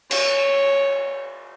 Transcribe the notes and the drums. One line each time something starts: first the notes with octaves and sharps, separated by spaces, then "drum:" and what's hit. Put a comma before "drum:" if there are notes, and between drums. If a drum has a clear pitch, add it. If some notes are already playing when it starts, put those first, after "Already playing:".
C#5, drum: cymbal